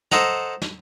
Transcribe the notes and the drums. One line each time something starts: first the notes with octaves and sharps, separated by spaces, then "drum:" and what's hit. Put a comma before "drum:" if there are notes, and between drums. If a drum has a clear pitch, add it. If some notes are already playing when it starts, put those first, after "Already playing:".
A4 C5 D#5 F#5 A#5, drum: snare
drum: snare